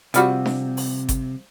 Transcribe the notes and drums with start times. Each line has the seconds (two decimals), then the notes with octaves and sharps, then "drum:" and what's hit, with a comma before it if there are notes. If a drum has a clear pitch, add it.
0.14 C3 F3 G3 F#4, drum: hi-hat
0.46 drum: snare D4
0.77 drum: open hi-hat
1.09 drum: kick G1, hi-hat